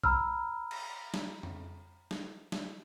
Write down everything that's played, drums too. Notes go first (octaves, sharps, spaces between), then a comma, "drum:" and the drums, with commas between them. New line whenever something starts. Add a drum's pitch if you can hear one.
A#5 B5 E6 F6, drum: kick B1
drum: cymbal
drum: snare
drum: tom F2
drum: snare
drum: snare